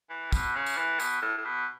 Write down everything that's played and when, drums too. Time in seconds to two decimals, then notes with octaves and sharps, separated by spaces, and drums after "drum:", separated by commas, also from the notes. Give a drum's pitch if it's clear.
0.10 E3
0.33 B2, drum: kick, tambourine
0.56 C#3
0.66 drum: tambourine
0.78 E3
0.99 B2, drum: tambourine
1.22 A2
1.38 A2
1.45 B2